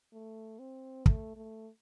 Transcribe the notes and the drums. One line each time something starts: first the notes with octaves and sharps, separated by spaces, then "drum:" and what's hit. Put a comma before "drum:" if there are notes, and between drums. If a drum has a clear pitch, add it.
A3
C4
A3, drum: kick
A3